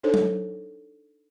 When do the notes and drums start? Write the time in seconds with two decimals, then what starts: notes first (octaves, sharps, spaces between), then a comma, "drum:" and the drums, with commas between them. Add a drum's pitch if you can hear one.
0.03 D4 D#4 A4 C5 C#5
0.14 drum: tom F#3